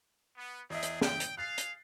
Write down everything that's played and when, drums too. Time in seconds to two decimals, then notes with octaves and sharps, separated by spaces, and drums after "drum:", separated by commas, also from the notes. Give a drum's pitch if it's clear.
0.37 B3
0.70 E2 C4 D4 G#4 D#5 E5
0.83 drum: hi-hat
1.01 G5, drum: snare
1.20 drum: hi-hat
1.37 G#4 F5 F#6 A6 C7
1.58 drum: hi-hat